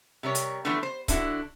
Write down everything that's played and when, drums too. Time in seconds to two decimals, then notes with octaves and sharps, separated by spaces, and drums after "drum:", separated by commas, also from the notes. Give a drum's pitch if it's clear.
0.23 C3 G3 A#4 C#5
0.35 drum: hi-hat
0.65 D3 E3 F3 A3 B3 D4
0.83 C5
1.08 D3 D4 E4 F#4, drum: kick C#1, hi-hat